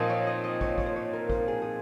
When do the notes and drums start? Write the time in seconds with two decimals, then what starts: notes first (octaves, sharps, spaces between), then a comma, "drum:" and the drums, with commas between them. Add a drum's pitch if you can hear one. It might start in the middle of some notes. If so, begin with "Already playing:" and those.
Already playing: A#2 F3 C4 D#4 A#4 D#5
0.10 C#5
0.27 D#5
0.44 D#5
0.61 C#5, drum: kick
0.78 C#5, drum: kick
0.86 C5
0.96 C#5
1.13 A#4
1.30 C5, drum: kick
1.48 G#4
1.62 G#4